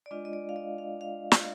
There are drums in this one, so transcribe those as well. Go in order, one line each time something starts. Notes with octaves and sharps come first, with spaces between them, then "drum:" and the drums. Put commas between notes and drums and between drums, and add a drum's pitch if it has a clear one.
D5
G#3 D4 F4 D#5
D#5
D5
F5
D#5
F5
F5
drum: snare